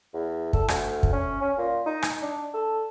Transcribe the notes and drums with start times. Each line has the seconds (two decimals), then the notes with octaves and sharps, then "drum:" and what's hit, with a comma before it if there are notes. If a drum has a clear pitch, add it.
0.14 E2
0.53 A4, drum: kick
0.68 D2, drum: rim click
1.03 drum: kick
1.13 C#4
1.42 C#4
1.58 A#2
1.86 D#4
2.02 drum: rim click
2.22 D4
2.54 A4